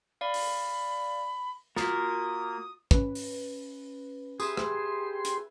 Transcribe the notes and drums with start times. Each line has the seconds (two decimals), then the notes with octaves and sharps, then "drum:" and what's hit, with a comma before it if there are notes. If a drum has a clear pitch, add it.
0.21 D5 F5 B5
0.34 drum: open hi-hat
1.76 A#3 F4 F#4 A#4 D#6 A6, drum: snare
2.91 C#4 B4, drum: kick
3.15 drum: open hi-hat
4.40 G4 G#4 B4 E5 C6 D#6, drum: tambourine
4.57 drum: rim click
5.25 drum: hi-hat